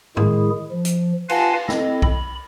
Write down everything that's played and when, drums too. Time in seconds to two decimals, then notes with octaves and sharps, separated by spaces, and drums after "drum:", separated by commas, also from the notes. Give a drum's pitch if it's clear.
0.17 A2 D#3 G#3 E4 G#4, drum: tom
0.71 F3
0.85 drum: hi-hat
1.29 F4 B4 F5 F#5 G#5 A5, drum: cymbal
1.69 C4 E4 A4 D#5, drum: snare
2.02 B5, drum: kick B1